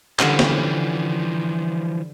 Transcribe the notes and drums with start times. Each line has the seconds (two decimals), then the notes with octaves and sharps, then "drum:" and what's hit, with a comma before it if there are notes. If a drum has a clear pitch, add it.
0.20 D3 E3 F3 G3 C#4, drum: clap
0.39 drum: snare